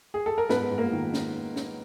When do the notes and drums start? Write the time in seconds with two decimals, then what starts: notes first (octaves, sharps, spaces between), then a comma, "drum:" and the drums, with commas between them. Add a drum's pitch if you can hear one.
0.14 G#4
0.26 A4
0.38 A#4
0.49 G#2 B3 B4, drum: snare
0.71 G#2
0.78 A#3 A#4
0.93 D#3
1.14 drum: snare
1.56 drum: snare